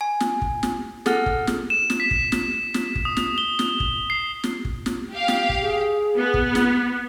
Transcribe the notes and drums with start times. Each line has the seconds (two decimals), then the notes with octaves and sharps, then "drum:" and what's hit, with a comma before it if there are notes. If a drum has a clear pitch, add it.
0.01 G#5
0.20 drum: snare
0.42 drum: kick
0.63 drum: snare
1.06 G#4 A4 F#5 F6, drum: snare
1.26 drum: kick
1.47 drum: snare
1.70 E7
1.90 drum: snare
2.00 B6
2.11 drum: kick
2.32 drum: snare
2.74 drum: snare
2.95 drum: kick
3.05 D#6
3.17 drum: snare
3.38 G7
3.59 drum: snare
3.80 drum: kick
4.10 C7
4.44 drum: snare
4.65 drum: kick
4.86 drum: snare
5.12 G4 F5
5.28 drum: snare
5.49 drum: kick
5.62 G#4
6.16 B3
6.34 drum: kick
6.55 drum: snare